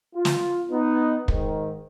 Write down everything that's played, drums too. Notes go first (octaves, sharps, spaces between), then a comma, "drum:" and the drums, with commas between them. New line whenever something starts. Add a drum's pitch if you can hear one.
F4
drum: snare
B3 D#4
G#2 D#3, drum: kick